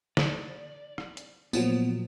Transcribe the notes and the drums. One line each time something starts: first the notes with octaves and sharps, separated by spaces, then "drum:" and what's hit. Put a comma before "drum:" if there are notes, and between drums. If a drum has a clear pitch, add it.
D5, drum: snare
drum: rim click
drum: hi-hat
A#2 F3 F#3 B3, drum: tambourine